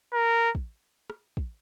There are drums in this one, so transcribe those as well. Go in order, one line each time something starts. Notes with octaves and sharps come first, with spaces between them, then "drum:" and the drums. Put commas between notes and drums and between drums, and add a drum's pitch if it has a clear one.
A#4
drum: kick
drum: rim click
drum: kick